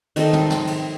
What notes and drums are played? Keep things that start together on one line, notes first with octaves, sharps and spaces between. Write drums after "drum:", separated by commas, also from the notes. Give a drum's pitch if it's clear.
D#3 C4 A4 D#5, drum: cymbal
drum: tom
drum: snare
drum: cymbal